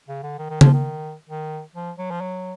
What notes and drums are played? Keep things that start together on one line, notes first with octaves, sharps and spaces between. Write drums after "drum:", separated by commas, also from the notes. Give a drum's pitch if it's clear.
C#3
D3
D#3
D#3
F3, drum: tom C#3
D#3
D#3
F3
F#3
F3
F#3